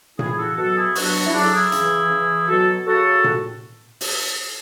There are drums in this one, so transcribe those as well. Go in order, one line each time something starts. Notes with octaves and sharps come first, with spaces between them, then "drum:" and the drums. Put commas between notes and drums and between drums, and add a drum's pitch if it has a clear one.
C#3 E3 E4 G#4, drum: tom A#2
G#4
F#4 A4
B2 F#3 F#4 A4
E4 G#4
B2 F#3 D4 F#4, drum: open hi-hat
E4
C#3 F#3 D4
A4
E4 G#4
C#3 E3, drum: hi-hat
C#3 E3
B2 F#3 F#4 A4
C#3 F#3 F#4 A4
drum: tom A#2
drum: open hi-hat